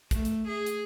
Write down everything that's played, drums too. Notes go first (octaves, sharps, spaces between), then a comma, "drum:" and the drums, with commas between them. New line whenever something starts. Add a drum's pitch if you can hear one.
A3, drum: kick, hi-hat
drum: hi-hat
G#4
drum: hi-hat